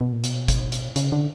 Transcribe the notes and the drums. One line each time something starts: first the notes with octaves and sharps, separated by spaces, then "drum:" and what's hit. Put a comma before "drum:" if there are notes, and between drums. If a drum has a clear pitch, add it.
B2
A#2
B2, drum: hi-hat
drum: kick, hi-hat
drum: hi-hat
C#3, drum: hi-hat
D3